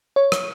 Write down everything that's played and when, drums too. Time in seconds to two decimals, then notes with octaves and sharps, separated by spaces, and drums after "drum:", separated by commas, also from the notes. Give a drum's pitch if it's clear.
0.16 C#5
0.32 drum: rim click